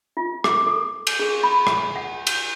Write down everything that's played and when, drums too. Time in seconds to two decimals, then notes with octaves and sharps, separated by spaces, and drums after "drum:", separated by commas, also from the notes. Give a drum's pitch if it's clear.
0.17 F4
0.44 D6, drum: rim click
0.67 A4
1.07 drum: cymbal
1.19 G#4
1.43 B5
1.67 drum: rim click
1.96 F#5
2.27 drum: cymbal